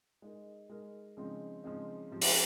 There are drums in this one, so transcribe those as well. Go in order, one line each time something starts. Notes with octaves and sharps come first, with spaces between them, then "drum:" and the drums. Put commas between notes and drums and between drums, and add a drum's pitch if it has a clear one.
G#3 D#4 A#4
G#3 D#4 A#4
C#3 F3 G#3 C4 D#4
C#3 F3 G#3 C4 D#4
C3 F3 G#3
drum: open hi-hat